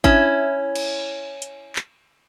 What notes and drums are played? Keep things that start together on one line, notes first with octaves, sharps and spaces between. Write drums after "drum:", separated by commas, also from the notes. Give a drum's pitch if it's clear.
C#4 E4, drum: kick G#1
drum: cymbal
drum: hi-hat
drum: clap